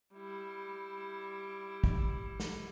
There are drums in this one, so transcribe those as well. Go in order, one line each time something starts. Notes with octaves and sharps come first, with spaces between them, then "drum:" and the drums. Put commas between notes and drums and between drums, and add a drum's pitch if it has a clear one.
G3 E4
drum: kick
drum: snare